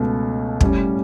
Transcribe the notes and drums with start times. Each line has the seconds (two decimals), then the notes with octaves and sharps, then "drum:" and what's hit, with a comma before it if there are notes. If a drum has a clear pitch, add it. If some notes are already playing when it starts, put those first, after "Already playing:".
Already playing: C#2 B2 A3
0.61 A2 G3 C#4, drum: kick